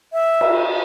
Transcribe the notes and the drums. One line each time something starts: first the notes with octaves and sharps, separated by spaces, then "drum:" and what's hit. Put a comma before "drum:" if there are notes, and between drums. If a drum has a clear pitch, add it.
E5
drum: cymbal